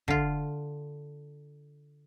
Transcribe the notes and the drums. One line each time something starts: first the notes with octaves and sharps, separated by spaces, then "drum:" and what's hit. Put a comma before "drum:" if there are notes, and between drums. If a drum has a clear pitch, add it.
D3 F4, drum: kick